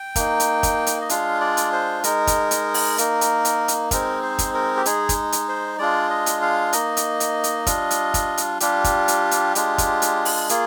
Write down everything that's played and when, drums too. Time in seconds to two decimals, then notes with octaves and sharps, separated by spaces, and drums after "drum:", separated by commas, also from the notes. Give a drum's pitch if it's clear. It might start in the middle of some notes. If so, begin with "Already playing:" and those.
Already playing: G5
0.16 A#3 D#4, drum: kick, hi-hat
0.40 drum: hi-hat
0.63 drum: kick, hi-hat
0.87 drum: hi-hat
1.01 D#5
1.09 G#3 D4 F4 F5, drum: hi-hat
1.41 D5
1.57 drum: hi-hat
1.73 C5
2.04 G#3 D#4 A#4, drum: hi-hat
2.27 drum: kick, hi-hat
2.51 drum: hi-hat
2.74 drum: open hi-hat
2.98 A#3 D#4, drum: hi-hat
3.21 drum: hi-hat
3.45 drum: hi-hat
3.68 drum: hi-hat
3.91 G#3 C4 D#4 A#4, drum: kick, hi-hat
4.22 C5
4.39 drum: kick, hi-hat
4.54 A#4
4.77 G4
4.86 G#3 D#4 G#4, drum: hi-hat
5.09 drum: kick, hi-hat
5.32 drum: hi-hat
5.49 C5
5.79 G#3 D4 F4 D5
6.10 D#5
6.26 drum: hi-hat
6.42 F5
6.73 A#3 D#4 D#5, drum: hi-hat
6.97 drum: hi-hat
7.20 drum: hi-hat
7.44 drum: hi-hat
7.67 G3 D4 F4, drum: kick, hi-hat
7.91 drum: hi-hat
8.14 drum: kick, hi-hat
8.37 drum: hi-hat
8.60 G3 D4 F4 G4, drum: hi-hat
8.84 drum: kick, hi-hat
9.08 drum: hi-hat
9.31 drum: hi-hat
9.55 G#3 D4 F4, drum: hi-hat
9.78 drum: kick, hi-hat
10.02 drum: hi-hat
10.25 drum: open hi-hat
10.49 A#3 F4 G#4, drum: hi-hat